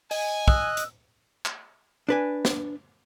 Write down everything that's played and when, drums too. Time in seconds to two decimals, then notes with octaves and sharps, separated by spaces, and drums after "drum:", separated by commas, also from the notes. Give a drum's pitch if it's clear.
0.11 D#5 G#5, drum: open hi-hat
0.48 D#5 E6 F#6, drum: kick
0.77 drum: hi-hat
1.45 drum: clap
2.09 D4 B4 G#5
2.45 drum: snare